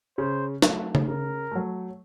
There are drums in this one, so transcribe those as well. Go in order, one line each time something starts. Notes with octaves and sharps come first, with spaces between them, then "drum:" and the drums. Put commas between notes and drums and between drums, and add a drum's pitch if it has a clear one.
C#3 C5
F#3 A3, drum: snare
drum: tom C#3
C#3 A#4
F#3 A3